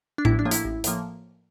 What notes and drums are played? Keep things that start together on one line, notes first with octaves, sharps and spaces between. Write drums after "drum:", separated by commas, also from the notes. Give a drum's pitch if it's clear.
D4
A1 E4, drum: tom A2
D4
A2 F3 A#3
E4, drum: hi-hat
A1
A2 F3 A#3, drum: hi-hat